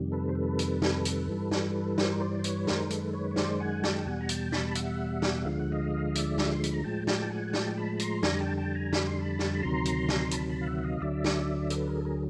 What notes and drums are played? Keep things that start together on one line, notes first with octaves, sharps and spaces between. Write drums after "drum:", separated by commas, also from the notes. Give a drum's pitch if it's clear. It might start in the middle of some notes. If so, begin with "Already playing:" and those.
Already playing: F2 C3 D#3 G3
A4 B4
C5
A4 B4
drum: hi-hat
drum: snare
drum: hi-hat
G2 E3 G3
drum: snare
A#4 C5, drum: snare
C5 D5
C5
B4 C#5, drum: hi-hat
F#2 D#3 G#3 A#4 C5, drum: snare
A4 B4, drum: hi-hat
B4 C#5
C#5
C5 D5, drum: snare
F#5 G#5
G5 A5, drum: snare
E2 B2 G3 F#5 G#5
A#5
G5 A5, drum: hi-hat
A5 B5, drum: snare
E5 F#5, drum: hi-hat
drum: snare
D2 D3 F3 G#3 F5
F#5
D#5 F5
D5 E5, drum: hi-hat
drum: snare
C6
B5, drum: hi-hat
A#5
A2 F3 G#3 G5 A5
G5 A5, drum: snare
F#5 G#5
G#5
G5 A5, drum: snare
A5 B5
A#5 C6, drum: hi-hat
F2 D3 G3 G#5 A#5, drum: snare
G5 A5
G5 A5
G#5 A#5
B5, drum: snare
C6
A5 B5
drum: snare
B5
D2 C3 D#3 F#3 A#5 C6
drum: hi-hat
drum: snare
A5 B5, drum: hi-hat
A5 B5
F5
E5 F#5
D#5 F5
D2 D3 F#3 D5 E5
drum: snare
A4 B4, drum: hi-hat
G#4 A#4
A4
G#4 A#4